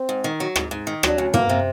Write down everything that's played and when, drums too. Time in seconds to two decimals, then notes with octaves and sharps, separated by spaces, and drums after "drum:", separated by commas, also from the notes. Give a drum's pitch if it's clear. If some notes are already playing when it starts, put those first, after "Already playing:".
Already playing: C4
0.09 G#2
0.24 D#3
0.40 F#3
0.56 G#2, drum: rim click
0.71 G#2
0.87 D#3
1.03 F#3 D4, drum: rim click
1.18 D2 C#4
1.34 A#3 B3, drum: tom
1.49 C3 C4